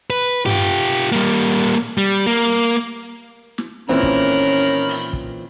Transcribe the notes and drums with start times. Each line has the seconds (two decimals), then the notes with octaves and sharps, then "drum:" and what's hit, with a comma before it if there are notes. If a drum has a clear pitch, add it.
0.10 B4
0.46 F4 G4, drum: tom G2
1.12 G3 A#3
1.48 drum: hi-hat
1.98 G3
2.26 A#3
3.58 drum: snare
3.89 A#2 D#3 E3 C4 C#4 A#4 B5
4.03 drum: kick
4.89 drum: open hi-hat
5.13 drum: kick